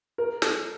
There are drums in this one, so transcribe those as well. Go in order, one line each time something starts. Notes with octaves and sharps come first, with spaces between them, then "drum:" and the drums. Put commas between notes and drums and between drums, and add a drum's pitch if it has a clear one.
A#4
A4, drum: snare